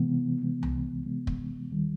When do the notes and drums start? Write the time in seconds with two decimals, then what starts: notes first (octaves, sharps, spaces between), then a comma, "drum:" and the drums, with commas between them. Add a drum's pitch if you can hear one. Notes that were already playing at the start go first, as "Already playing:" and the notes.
Already playing: C3 E3 G#3 B3
0.41 C3 E3 G#3 B3
0.63 drum: tom C2
1.06 C3 E3 G#3 B3
1.27 drum: kick
1.70 D#2 D#3 G3